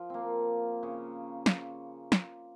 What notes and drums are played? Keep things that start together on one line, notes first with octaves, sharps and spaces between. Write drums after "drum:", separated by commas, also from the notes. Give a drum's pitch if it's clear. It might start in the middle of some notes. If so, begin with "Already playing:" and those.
Already playing: F3
A#3 C4
C#3
drum: snare
drum: snare